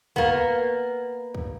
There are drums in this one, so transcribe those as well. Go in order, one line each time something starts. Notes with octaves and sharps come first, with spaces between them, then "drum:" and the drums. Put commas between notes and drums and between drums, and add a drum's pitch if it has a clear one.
A#3 B3, drum: kick
drum: kick